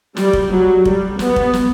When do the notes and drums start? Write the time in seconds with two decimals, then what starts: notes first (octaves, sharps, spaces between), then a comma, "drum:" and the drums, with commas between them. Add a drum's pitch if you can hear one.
0.17 G3, drum: snare
0.33 drum: kick F1
0.51 F#3
0.85 G3, drum: kick F1
1.19 B3, drum: snare
1.36 drum: kick F1
1.53 drum: snare